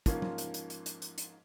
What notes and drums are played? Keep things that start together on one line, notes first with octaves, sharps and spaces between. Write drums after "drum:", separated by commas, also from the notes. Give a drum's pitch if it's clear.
G#2 F3 A#3 C#4 F4, drum: kick, hi-hat
drum: tom
drum: hi-hat
drum: hi-hat
drum: hi-hat
drum: hi-hat
drum: hi-hat
drum: hi-hat